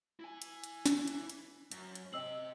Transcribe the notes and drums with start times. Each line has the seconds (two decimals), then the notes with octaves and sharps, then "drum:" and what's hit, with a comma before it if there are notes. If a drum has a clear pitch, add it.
0.20 E4 G#5
0.42 drum: hi-hat
0.64 drum: hi-hat
0.86 drum: snare
1.08 drum: hi-hat
1.30 drum: hi-hat
1.72 F#2, drum: hi-hat
1.95 drum: hi-hat
2.13 C4 G4 D#5 E6 F#7